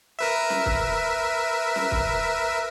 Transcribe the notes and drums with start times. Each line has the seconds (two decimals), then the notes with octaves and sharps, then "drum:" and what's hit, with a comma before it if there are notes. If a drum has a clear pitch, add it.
0.19 A#4 B4 E5
0.50 drum: snare
0.66 drum: kick
1.76 drum: snare
1.91 drum: kick